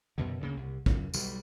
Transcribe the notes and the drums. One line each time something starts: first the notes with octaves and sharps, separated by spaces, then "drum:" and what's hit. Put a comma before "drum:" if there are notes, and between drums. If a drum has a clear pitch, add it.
F#2 B2 D3
D2 C#3 A#3
C2
C#2 F#2, drum: kick
B1 G3, drum: tambourine